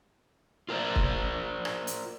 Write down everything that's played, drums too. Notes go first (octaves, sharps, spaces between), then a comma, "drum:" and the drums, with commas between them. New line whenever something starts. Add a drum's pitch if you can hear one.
F4 A#4 C5 D5
drum: kick C#1
drum: rim click
drum: hi-hat